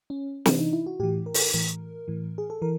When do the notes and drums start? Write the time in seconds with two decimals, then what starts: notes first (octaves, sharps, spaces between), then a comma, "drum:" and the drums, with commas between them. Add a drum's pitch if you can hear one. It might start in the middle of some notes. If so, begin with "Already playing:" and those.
0.10 C#4
0.46 C3 E3 D4, drum: snare
0.59 D#4
0.73 E4
0.86 F#4
1.00 A2 E3 G4
1.26 A#4
1.34 A4, drum: open hi-hat
1.41 A#4
1.54 A2 E3 A#4
2.08 A2 E3
2.38 G#4
2.50 A4
2.62 E3 A#4